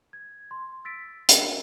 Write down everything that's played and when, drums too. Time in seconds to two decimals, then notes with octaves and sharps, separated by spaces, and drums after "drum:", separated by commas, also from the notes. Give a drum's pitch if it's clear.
0.13 G#6
0.51 C6
0.85 E6 A6 B6 D7
1.29 D4 F#4 A#4 B4 D#5 F5, drum: hi-hat